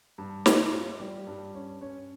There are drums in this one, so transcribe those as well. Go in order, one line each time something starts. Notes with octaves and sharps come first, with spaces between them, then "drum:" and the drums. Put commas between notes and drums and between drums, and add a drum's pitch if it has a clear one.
G2
F4, drum: snare
F4
G3
G2
C#4
C#4